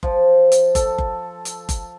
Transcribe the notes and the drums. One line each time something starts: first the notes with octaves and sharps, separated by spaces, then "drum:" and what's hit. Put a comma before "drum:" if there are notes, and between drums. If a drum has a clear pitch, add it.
F3, drum: kick F#1
drum: hi-hat
A4, drum: kick F#1, hi-hat
drum: kick F#1
drum: hi-hat
drum: kick F#1, hi-hat